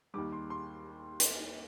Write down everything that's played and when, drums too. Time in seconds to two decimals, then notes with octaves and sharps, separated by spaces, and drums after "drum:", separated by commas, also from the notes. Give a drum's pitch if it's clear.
0.14 D#2 D#3 G3 D6
0.32 C6
0.50 C6
1.20 drum: hi-hat